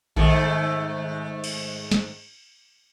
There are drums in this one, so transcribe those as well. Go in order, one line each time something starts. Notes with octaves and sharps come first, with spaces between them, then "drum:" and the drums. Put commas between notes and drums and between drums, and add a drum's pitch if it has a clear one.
G#2 D#3 A3, drum: kick A#1
drum: cymbal
drum: snare